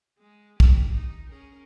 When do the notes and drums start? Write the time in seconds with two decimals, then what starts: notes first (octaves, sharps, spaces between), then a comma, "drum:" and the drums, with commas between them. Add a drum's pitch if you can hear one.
0.19 G#3
0.60 G4, drum: kick
0.91 D#4
1.28 C#4 G#4 A#4